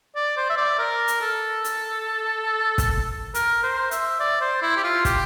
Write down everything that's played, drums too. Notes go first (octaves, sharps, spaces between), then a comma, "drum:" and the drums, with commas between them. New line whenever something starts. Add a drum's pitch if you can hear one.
D5
C5
E5
D5
A#4
drum: hi-hat
A4
drum: hi-hat
drum: kick, hi-hat
A#4, drum: hi-hat
C5
E5, drum: hi-hat
D5
C5
E4
G4
F4
G4, drum: kick, hi-hat